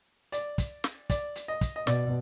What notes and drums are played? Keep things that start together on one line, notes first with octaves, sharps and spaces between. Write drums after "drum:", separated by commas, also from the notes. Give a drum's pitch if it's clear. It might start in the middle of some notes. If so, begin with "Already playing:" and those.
D5, drum: hi-hat
drum: kick, hi-hat
drum: snare
D5, drum: kick, hi-hat
drum: hi-hat
D#5
drum: kick, hi-hat
D#5
B2 D5, drum: snare